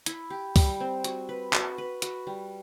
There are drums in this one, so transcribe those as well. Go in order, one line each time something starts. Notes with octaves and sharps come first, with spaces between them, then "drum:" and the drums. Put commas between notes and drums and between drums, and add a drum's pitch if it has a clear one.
E4, drum: hi-hat
G4
G3, drum: kick C#2, open hi-hat
C4
F#4, drum: hi-hat
B4
F#4, drum: clap
B4
F#4, drum: hi-hat
G3